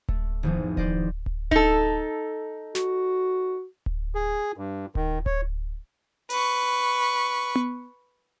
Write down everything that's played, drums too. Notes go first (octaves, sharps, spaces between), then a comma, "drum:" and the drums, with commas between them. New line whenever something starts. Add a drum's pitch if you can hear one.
A3, drum: kick D1
G#1 E2 F3
C5 D5 D#5, drum: kick D1
drum: kick D1
D#4 A4, drum: kick D1
F#4, drum: snare
drum: kick D1
G#4
G2
D#3, drum: kick D1
C#5, drum: kick D1
B4 C#6, drum: hi-hat
drum: tom B3